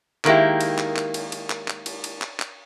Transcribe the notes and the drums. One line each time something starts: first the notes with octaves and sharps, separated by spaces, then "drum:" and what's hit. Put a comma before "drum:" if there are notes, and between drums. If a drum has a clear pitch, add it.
D#3 G#3 A#3 C4 E4 G4, drum: clap
drum: cymbal
drum: clap
drum: clap
drum: cymbal
drum: cymbal
drum: clap
drum: clap
drum: cymbal
drum: cymbal
drum: clap
drum: clap